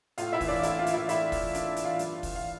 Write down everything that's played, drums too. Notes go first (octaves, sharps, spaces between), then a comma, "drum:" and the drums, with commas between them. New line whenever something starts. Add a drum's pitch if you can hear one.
A2 F4 F5, drum: hi-hat
E4 E5
E3, drum: kick, open hi-hat
D4 D5
A2 E4 E5, drum: hi-hat
F4 F5
E3, drum: hi-hat
E4 E5
A2 E4 E5, drum: hi-hat
E3, drum: kick, open hi-hat
A2 D4 D5, drum: hi-hat
E3, drum: hi-hat
F4 F5
G2, drum: hi-hat
E3, drum: kick, open hi-hat
F5